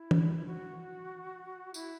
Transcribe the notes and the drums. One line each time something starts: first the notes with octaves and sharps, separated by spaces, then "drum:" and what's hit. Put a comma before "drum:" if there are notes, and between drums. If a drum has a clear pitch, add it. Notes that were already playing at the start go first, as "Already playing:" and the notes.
Already playing: E4
drum: tom
F#4
E4, drum: tambourine